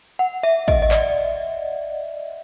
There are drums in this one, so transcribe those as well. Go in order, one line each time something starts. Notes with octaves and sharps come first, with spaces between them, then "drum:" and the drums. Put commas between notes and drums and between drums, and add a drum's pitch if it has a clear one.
F#5
E5
D#5, drum: kick
D#5
D5, drum: clap